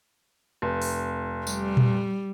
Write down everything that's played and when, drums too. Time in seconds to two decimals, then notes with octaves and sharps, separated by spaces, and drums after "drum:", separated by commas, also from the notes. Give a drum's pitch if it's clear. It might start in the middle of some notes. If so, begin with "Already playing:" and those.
0.62 F1
0.82 drum: open hi-hat
1.47 G3, drum: tambourine
1.77 drum: tom A#2